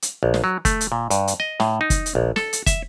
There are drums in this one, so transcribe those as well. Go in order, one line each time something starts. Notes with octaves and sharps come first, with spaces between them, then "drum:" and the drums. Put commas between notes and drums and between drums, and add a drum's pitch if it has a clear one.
drum: hi-hat
A#1
drum: snare
F#3
A3, drum: kick, hi-hat
drum: hi-hat
A#2
G2, drum: hi-hat
drum: hi-hat
D#5
A2, drum: snare
D#4
drum: kick, hi-hat
drum: hi-hat
A#1
A4, drum: snare
drum: hi-hat
E5, drum: kick, hi-hat